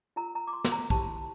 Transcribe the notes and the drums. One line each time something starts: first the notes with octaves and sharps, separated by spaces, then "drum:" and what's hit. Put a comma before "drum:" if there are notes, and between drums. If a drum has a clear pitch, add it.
F4 A#4 A#5
A#5
D6
C6
C6, drum: snare
A#5
E4 G4 C5 A5, drum: kick